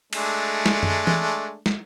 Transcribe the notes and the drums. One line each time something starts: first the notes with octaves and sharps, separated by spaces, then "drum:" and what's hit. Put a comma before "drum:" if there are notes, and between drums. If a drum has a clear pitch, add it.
G#3 A3 D4, drum: cymbal
drum: snare
drum: tom F#2
drum: tom E3
drum: snare